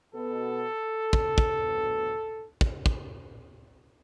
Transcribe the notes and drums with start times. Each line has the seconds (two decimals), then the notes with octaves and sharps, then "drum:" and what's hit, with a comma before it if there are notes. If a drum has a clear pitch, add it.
0.14 B2 B3 A4
1.13 drum: kick
1.38 drum: kick
1.62 D2 D3 F#3 B3
2.61 drum: kick
2.86 drum: kick